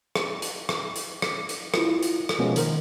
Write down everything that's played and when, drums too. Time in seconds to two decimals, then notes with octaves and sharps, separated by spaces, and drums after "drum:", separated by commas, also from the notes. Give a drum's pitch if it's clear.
0.15 drum: rim click
0.42 drum: hi-hat
0.69 drum: rim click
0.96 drum: hi-hat
1.22 drum: rim click
1.49 drum: hi-hat
1.74 E4 F4, drum: rim click
2.03 drum: hi-hat
2.29 drum: rim click
2.39 B2 F3 G#3 A#3 B3 C#4
2.56 D#3 A#4 C5, drum: hi-hat